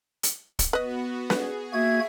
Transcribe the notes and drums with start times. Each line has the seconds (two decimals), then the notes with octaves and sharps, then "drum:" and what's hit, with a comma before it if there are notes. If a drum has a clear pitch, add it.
0.23 drum: hi-hat
0.59 drum: kick, hi-hat
0.73 B3 F#4 B4 D#5
1.30 G#4 B4, drum: snare
1.73 A#3 F#4 E5 G#6